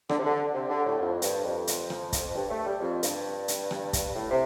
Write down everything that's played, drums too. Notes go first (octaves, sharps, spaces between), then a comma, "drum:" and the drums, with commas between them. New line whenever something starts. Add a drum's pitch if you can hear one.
D3, drum: rim click
C3
D3
C3
D3
A2
F2
G2, drum: hi-hat
F2
drum: hi-hat
drum: rim click
drum: kick, hi-hat
G2
A3
G3
F2
G2, drum: hi-hat
drum: hi-hat
drum: rim click
drum: kick, hi-hat
A2
C3